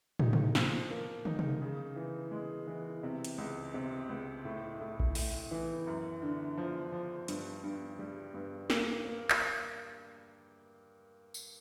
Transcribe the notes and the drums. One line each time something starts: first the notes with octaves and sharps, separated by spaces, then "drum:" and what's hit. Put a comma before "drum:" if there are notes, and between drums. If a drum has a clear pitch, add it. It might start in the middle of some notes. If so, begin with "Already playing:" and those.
D#4, drum: tom
drum: tom C3
F3, drum: snare
A#3
D#4, drum: tom
drum: tom C3
C#3
E3
G#3
E3
C3
drum: hi-hat
C#2
C3
C#2
A2
A2
drum: kick A#1
A2, drum: open hi-hat
E3
F#2
D3
F3
F3
G2, drum: hi-hat
G2
G3
G2
A#3, drum: snare
A#3
drum: clap
drum: tambourine